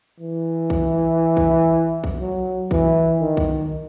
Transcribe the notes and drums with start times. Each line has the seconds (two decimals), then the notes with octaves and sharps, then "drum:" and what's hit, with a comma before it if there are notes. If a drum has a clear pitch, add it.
0.20 E3
0.70 drum: kick B1
1.37 drum: kick B1
2.04 drum: kick B1
2.20 F#3
2.71 E3, drum: kick B1
3.21 D#3
3.37 drum: kick B1